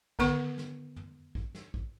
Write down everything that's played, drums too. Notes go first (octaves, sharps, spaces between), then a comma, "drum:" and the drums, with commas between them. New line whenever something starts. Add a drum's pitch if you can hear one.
D3 D#3 B3 F#5 C#6, drum: kick
drum: snare
drum: tom
drum: kick
drum: snare
drum: kick